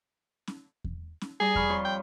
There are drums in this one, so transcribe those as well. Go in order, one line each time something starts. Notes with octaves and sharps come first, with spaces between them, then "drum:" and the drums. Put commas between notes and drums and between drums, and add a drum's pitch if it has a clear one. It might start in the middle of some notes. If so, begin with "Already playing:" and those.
drum: snare C#4
drum: kick E2
drum: snare C#4
G3 G#4 A#5 D#6
B5 C#6 F6, drum: kick E2
F2 C#5 C6
G5